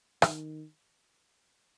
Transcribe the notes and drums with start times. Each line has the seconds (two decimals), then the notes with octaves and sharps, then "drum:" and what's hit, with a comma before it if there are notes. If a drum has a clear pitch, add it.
0.22 D#3, drum: rim click